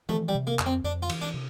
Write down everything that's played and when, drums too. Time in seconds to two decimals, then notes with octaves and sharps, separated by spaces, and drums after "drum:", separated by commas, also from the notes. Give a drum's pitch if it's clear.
0.09 E3 A3, drum: tom E3
0.28 G3
0.35 C3
0.47 A#3
0.59 F2, drum: clap
0.66 C4
0.84 F2 D4
1.02 F4
1.09 E3, drum: cymbal
1.21 D4
1.34 C3